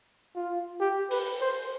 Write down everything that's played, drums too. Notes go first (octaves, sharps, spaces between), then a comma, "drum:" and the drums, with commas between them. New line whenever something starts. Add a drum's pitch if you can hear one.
F4
G4
B4, drum: open hi-hat
C5